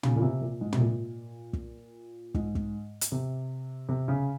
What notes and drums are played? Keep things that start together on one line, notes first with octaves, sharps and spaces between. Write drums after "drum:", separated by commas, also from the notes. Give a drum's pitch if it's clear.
C#3, drum: tom
A#2
C3
A#2
G#2
C3, drum: tom
A#2
drum: kick
G#2, drum: kick
drum: kick
drum: hi-hat
C3
C3
C#3